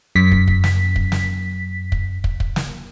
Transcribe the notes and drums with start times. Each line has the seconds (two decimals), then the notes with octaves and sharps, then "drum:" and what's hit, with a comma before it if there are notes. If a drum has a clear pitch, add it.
0.15 F#2 B6
0.32 drum: kick
0.48 drum: kick
0.64 drum: snare
0.96 drum: kick
1.12 drum: snare
1.92 drum: kick
2.24 drum: kick
2.40 drum: kick
2.56 drum: snare